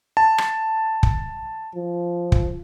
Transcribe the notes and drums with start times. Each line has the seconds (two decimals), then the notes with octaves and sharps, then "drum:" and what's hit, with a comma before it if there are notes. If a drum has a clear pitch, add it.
0.17 A5
0.38 drum: rim click
1.03 drum: kick
1.75 F3
2.32 drum: kick